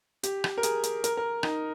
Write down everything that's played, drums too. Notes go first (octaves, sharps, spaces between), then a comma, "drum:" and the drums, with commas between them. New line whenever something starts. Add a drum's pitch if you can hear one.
G4, drum: hi-hat
drum: rim click
A#4
G#4, drum: hi-hat
drum: hi-hat
A#4, drum: hi-hat
A#4
D#4, drum: rim click